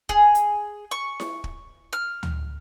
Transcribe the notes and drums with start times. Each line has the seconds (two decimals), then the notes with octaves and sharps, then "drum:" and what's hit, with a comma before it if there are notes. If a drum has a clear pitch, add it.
0.09 G#4, drum: kick
0.35 drum: hi-hat
0.91 C#6
1.20 drum: snare E4
1.44 drum: kick
1.93 F6
2.23 drum: tom D2